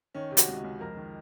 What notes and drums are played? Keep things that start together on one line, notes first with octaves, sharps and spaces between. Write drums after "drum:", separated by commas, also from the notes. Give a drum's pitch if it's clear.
D#3 C#4
C3
F#4, drum: hi-hat
C#2
C#2
F2 A#4
D#3